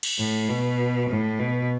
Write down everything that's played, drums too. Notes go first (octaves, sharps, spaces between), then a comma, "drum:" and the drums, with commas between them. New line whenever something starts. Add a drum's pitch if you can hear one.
drum: cymbal
A2
B2
A2
B2